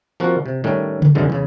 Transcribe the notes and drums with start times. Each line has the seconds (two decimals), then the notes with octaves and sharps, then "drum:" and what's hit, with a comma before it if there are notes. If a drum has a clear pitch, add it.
0.20 F3 A#3 C4 F4 F#4
0.46 C3
0.64 A2 D#3 G3 A3 C#4
1.02 drum: tom C#3
1.15 C2 F#2 D3 E3 G#3
1.30 E2 C#3